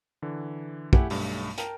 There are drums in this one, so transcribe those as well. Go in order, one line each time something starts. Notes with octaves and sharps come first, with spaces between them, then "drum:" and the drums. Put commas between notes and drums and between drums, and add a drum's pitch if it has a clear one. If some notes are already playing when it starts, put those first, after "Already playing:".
D3 E3
A3 E4 G4 F#5 G#5, drum: kick
B1 G2 A3, drum: open hi-hat
A#4 G5 A5, drum: hi-hat